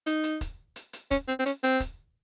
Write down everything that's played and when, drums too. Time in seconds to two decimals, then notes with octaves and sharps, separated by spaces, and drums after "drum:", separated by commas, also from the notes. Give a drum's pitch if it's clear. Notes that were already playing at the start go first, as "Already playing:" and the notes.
0.06 D#4, drum: hi-hat
0.24 drum: hi-hat
0.41 drum: kick, hi-hat
0.76 drum: hi-hat
0.93 drum: hi-hat
1.11 C#4, drum: kick, hi-hat
1.28 C4
1.39 C4
1.46 C#4, drum: hi-hat
1.63 C4, drum: hi-hat
1.80 drum: kick, hi-hat